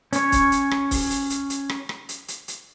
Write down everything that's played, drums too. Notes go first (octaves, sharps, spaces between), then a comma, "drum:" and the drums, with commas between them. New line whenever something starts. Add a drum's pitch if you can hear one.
C#4 C#5, drum: hi-hat
drum: kick C#1, hi-hat
drum: hi-hat
drum: rim click
drum: kick C#1, open hi-hat
drum: hi-hat
drum: hi-hat
drum: hi-hat
drum: rim click
drum: rim click
drum: hi-hat
drum: hi-hat
drum: hi-hat